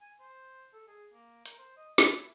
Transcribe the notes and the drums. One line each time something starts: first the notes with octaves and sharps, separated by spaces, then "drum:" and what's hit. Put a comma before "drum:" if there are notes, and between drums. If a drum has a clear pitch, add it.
G#5
C5
A4
G#4
A#3
A#4, drum: hi-hat
C5
D#5
F4, drum: snare
E4